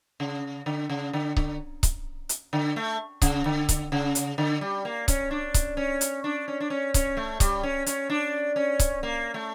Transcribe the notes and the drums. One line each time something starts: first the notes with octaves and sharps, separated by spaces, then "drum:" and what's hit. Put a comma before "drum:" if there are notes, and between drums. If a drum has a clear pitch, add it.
C#3
D3
C#3
D3
D3, drum: kick C#1
drum: kick C#1, hi-hat
drum: hi-hat
D3
A3
C#3, drum: kick C#1, hi-hat
D3
drum: kick C#1, hi-hat
C#3
drum: hi-hat
D3
G3
A#3
C#4, drum: kick C#1, hi-hat
D4
drum: kick C#1, hi-hat
C#4
drum: hi-hat
D4
C#4
D4
C#4
C#4, drum: kick C#1, hi-hat
A3
G3, drum: kick C#1, hi-hat
C#4
C#4, drum: hi-hat
D4
C#4
drum: kick C#1, hi-hat
A#3
A3